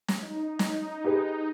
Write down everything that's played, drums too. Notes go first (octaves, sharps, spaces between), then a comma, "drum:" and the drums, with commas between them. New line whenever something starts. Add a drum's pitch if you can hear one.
drum: snare
D#4
drum: snare
G4 G#4 B4